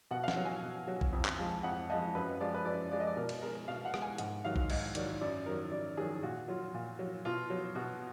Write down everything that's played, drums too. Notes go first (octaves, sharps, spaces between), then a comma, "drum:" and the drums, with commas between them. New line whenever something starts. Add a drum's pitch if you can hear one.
B2 F#5
F5
F#5, drum: snare
F#3
G#5
B2
F#3
drum: kick A1
F2
drum: clap
F3 G#3
F2 F#5
F3 G#3 D#5
F#2 B4
F3 G#3 D5
B4
F#2 D5
F3 G#3 D5
D#5
D5
B2 A#4
drum: cymbal
G#3 A#4
B2 F5
F#5
G#3, drum: rim click
G#5
G#2 F#5, drum: hi-hat
D#3 F#3 F5
drum: kick A1
G#2 D#5, drum: cymbal
D#3 F#3 D5, drum: hi-hat
F#2 D5
D#3 F#3 A#4
F#2 D5
D#3 F#3 G#4
A#2 F#4
F#3 F4
A#2
F#3
B2 F4
F#3
B2 F#4